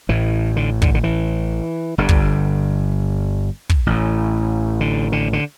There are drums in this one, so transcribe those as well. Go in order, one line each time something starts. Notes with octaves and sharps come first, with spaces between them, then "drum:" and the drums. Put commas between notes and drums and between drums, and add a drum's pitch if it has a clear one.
A1 A2 E3
D3
D3, drum: kick
D3
E3
G1 G2 D3
drum: kick
drum: kick
A1 A2
D3
D3
D3